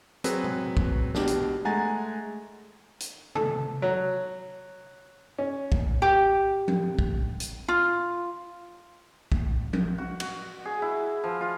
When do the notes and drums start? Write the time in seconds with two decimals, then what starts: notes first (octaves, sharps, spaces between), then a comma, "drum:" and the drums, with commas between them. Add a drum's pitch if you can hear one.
0.24 F#3 C4 G#4 B4 C#5, drum: hi-hat
0.44 drum: tom B2
0.77 drum: kick
1.15 B2 D4 G4, drum: snare
1.27 drum: hi-hat
1.65 G#3 A3 F#5 G#5 A#5 A6
3.00 drum: hi-hat
3.35 A4, drum: tom C3
3.82 F#3
5.38 C#4
5.72 drum: kick
6.02 G4
6.68 drum: tom F3
6.99 drum: kick
7.40 drum: hi-hat
7.68 F4
9.32 drum: kick
9.73 drum: tom F3
9.98 F#4
10.20 F#4, drum: cymbal
10.65 G#4
10.82 E4
11.24 F3
11.41 F4